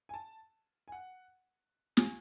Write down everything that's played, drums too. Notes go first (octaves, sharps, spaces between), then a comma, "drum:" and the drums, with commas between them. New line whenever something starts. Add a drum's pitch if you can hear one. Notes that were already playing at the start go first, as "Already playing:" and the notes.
G#5
A5
G#5
F#5
G#5, drum: snare